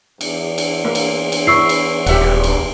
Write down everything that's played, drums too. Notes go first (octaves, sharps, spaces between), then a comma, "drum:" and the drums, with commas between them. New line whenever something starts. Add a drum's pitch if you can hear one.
E2, drum: cymbal
drum: cymbal
A#3
drum: cymbal
drum: cymbal
E4 C#6 E6 C7
drum: cymbal
D#1 G4 E5 F#5, drum: cymbal
drum: cymbal